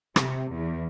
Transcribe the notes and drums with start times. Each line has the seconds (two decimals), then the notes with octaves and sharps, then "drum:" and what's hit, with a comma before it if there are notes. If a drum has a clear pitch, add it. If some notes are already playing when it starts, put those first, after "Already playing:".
0.16 C3, drum: rim click
0.52 E2